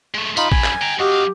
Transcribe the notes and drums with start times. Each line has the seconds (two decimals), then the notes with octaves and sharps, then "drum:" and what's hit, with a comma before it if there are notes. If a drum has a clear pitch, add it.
0.15 G#3 A3
0.37 F#2 D#4 F4 B5, drum: tambourine
0.52 G#5, drum: kick
0.65 drum: clap
0.82 G5 A#5
0.99 F#2 F#4 G4 D#5 F5